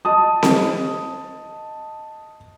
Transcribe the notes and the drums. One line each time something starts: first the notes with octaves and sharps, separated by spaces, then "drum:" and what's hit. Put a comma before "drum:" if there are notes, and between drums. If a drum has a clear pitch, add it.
D#5 A5 D#6
drum: snare C4